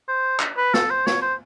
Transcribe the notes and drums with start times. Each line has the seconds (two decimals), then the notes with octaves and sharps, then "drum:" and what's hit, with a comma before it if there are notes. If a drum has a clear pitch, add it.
0.08 C5
0.40 drum: clap
0.57 B4
0.74 A4, drum: snare
0.90 C5
1.07 C#5, drum: snare
1.22 C5